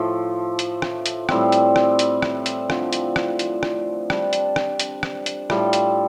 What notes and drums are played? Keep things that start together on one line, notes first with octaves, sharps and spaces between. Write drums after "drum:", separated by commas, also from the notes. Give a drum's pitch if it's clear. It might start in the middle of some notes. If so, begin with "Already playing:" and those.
Already playing: A2 F3 A3
drum: hi-hat
drum: rim click
drum: hi-hat
A2 G3 C4, drum: rim click
drum: hi-hat
drum: rim click
drum: hi-hat
drum: rim click
drum: hi-hat
D3 F3 C4, drum: rim click
drum: hi-hat
drum: rim click
drum: hi-hat
drum: rim click
G3 D4 A4, drum: rim click
drum: hi-hat
drum: rim click
drum: hi-hat
drum: rim click
drum: hi-hat
A2 G3 F4 A4, drum: rim click
drum: hi-hat